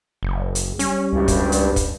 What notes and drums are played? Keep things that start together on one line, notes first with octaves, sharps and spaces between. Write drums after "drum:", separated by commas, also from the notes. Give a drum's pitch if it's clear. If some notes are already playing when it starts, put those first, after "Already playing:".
F#1
drum: hi-hat
G3 C#4, drum: hi-hat
F#1 C#2 G2
drum: kick, hi-hat
drum: hi-hat
drum: kick, hi-hat